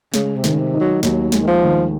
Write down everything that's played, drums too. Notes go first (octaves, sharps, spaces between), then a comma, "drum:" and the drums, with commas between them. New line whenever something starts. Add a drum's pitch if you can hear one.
C#3 G#3, drum: snare
C3
D#3, drum: snare
C#3
C3
D#4
F#3
D#2 F#3, drum: snare
G#3, drum: snare
D#3
F3
D#3